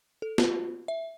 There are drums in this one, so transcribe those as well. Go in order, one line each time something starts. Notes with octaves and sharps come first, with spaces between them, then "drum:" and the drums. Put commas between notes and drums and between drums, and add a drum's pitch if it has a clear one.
A4
F4, drum: snare
E5